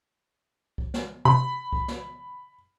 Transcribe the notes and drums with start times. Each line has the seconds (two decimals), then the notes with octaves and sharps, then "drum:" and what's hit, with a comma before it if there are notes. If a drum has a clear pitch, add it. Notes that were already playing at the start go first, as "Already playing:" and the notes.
0.78 drum: kick C2
0.94 drum: snare
1.25 C3 B5
1.73 drum: kick C2
1.88 drum: snare